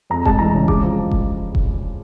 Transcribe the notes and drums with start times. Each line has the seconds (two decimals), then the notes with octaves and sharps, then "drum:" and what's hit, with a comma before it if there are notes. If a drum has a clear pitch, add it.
0.10 F2 A#5
0.25 G#3 A5, drum: kick E1
0.39 E3 A#5
0.54 C#3
0.68 G#3 D6, drum: kick E1
0.82 F3
1.11 drum: kick E1
1.55 drum: kick E1